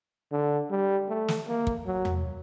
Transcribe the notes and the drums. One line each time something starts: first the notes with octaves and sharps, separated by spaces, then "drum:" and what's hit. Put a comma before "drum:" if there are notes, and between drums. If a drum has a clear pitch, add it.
D3
G3
A3
drum: snare
A#3
drum: kick
F#3
drum: tom E2